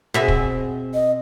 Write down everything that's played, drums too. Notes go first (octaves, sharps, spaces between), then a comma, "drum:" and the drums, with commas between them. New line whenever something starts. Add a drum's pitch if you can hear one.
B2 C4 F#4 G#4 E5
drum: kick
D#5